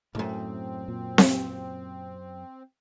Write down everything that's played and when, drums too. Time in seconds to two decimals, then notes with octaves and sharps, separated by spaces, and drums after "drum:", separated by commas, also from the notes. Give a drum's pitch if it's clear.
0.15 B1 F#2 A2 A3 C4
0.88 A#2
1.18 drum: snare C4